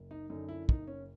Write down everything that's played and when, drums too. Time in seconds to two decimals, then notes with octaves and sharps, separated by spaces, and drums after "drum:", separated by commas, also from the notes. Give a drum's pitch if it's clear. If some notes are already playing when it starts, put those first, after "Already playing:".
Already playing: F#1
0.11 D#4
0.30 F#2 D3 D#4
0.49 E4
0.69 F#1 D#4, drum: kick
0.87 C#4